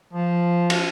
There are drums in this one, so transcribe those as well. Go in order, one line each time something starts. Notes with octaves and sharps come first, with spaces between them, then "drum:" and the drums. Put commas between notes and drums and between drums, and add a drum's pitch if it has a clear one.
F3
drum: cymbal